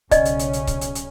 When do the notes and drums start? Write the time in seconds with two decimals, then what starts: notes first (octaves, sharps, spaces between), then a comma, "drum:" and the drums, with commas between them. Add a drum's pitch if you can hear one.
0.11 B1 C#3 C#4 D5 D#5, drum: kick C#1, hi-hat
0.25 drum: hi-hat
0.39 drum: hi-hat
0.53 drum: hi-hat
0.67 drum: kick C#1, hi-hat
0.81 drum: hi-hat
0.95 drum: hi-hat